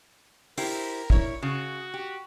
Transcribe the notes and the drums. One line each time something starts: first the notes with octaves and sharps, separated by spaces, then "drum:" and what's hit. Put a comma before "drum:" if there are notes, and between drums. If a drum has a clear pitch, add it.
E4 G4 A#4 C5, drum: open hi-hat
E4 C#5, drum: kick
C#3 F#4
G4